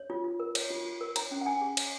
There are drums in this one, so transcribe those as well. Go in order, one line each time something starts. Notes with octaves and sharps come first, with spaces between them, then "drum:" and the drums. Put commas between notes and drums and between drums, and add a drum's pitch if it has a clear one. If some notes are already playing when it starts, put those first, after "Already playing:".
Already playing: C#5
F4
F4
A#4
C#5, drum: cymbal
F4
F4
A#4
C#5 A#5, drum: cymbal
C#4
F#5
C#4 G#5
G#4
C#5, drum: cymbal